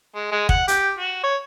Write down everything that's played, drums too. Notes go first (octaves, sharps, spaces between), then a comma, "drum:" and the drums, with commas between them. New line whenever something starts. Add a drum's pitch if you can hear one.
G#3
G#3
F#5, drum: kick
G4, drum: hi-hat
F#4
C#5